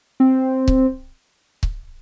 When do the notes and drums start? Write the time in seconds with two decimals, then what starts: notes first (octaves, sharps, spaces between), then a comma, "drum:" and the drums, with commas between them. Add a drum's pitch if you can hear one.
0.20 C4
0.68 drum: kick C#1
1.63 drum: kick C#1